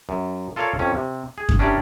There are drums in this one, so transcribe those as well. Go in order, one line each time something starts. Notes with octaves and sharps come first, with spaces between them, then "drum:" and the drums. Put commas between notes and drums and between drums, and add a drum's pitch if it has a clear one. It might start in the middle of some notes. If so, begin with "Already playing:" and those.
F#2
F4 A4 A#4 C#5 D5 F5
F2 C#4
C3
G#4
drum: kick F#2
C#4 D4 E4 G4 A#4 D5